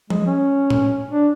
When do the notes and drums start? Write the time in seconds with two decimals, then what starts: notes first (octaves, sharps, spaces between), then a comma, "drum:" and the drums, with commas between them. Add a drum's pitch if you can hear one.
0.10 G#3, drum: tom F3
0.26 C#4
0.70 drum: tom A2
1.11 D4